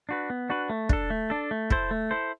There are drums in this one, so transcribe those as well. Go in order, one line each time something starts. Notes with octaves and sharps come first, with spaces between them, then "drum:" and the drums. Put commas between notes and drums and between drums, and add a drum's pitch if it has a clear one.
D4 F#4 B4
B3
D4 F#4 B4
A3
D4 A4, drum: kick
A3
D4 A4
A3
E4 A4 C5, drum: kick
A3
E4 A4 C5